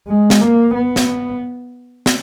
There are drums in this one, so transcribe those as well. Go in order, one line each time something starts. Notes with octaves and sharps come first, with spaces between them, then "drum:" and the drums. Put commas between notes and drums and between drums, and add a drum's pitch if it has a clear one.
G#3
drum: snare
A#3
B3
drum: snare
drum: snare